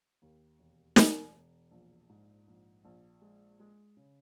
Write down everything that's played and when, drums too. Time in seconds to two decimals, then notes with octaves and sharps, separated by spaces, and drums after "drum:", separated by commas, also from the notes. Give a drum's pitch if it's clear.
0.22 D#2
0.59 E1
0.96 E1, drum: snare
1.35 E1
1.71 A#1
2.09 G#2
2.48 A#1
2.85 A#1
3.22 G#3
3.60 G#3
3.97 C#3